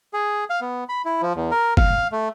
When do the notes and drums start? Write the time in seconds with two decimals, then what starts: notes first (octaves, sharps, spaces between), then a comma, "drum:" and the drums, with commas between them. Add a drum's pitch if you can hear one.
0.13 G#4
0.50 F5
0.61 B3
0.89 B5
1.05 E4
1.22 F3
1.36 E2
1.51 A#4
1.77 F5, drum: kick F#1
2.12 A3